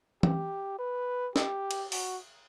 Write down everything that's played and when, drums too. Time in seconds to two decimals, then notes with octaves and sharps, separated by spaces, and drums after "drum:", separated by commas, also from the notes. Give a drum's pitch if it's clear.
0.23 G4, drum: tom
0.79 B4
1.36 G4, drum: snare
1.71 drum: cymbal
1.92 F#4, drum: open hi-hat